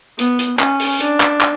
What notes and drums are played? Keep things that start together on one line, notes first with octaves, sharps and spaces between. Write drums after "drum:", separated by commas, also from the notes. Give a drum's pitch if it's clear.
B3, drum: hi-hat
drum: hi-hat
C#4, drum: clap
drum: open hi-hat
D4, drum: hi-hat
drum: clap
drum: clap